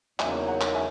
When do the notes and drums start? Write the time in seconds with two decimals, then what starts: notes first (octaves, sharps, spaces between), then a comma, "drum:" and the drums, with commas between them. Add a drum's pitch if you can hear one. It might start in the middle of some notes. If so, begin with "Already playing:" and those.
0.19 E2 C#3 F#3 A#3 D#4 E5 G#5, drum: clap
0.47 F#5 A#5
0.61 drum: clap
0.75 E5 G#5